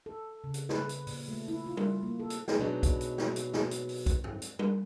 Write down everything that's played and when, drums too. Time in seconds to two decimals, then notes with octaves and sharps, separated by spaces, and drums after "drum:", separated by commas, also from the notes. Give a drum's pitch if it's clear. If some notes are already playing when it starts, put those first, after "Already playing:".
0.06 A4
0.44 C#3
0.54 drum: hi-hat
0.69 B4, drum: snare
0.89 drum: hi-hat
1.07 A#2, drum: open hi-hat
1.28 A3
1.48 E4
1.66 F4
1.77 drum: tom G3
2.03 A#3
2.20 A4
2.30 drum: hi-hat
2.48 drum: snare
2.59 B2 F#3 G#3 B3 D4 D#4
2.83 drum: kick B1, hi-hat
3.01 drum: hi-hat
3.18 drum: snare
3.36 drum: hi-hat
3.53 drum: snare
3.71 drum: hi-hat
3.89 drum: open hi-hat
4.06 drum: kick B1, hi-hat
4.24 drum: tom
4.42 drum: hi-hat
4.59 drum: tom G3